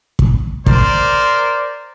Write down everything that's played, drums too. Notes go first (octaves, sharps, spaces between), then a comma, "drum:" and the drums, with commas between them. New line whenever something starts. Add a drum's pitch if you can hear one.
drum: kick
A#4 C5 D5, drum: kick